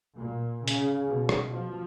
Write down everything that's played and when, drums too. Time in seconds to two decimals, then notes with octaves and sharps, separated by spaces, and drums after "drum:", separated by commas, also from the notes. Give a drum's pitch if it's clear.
0.18 A#2
0.68 C#3, drum: hi-hat
1.08 B2
1.29 drum: rim click
1.53 F3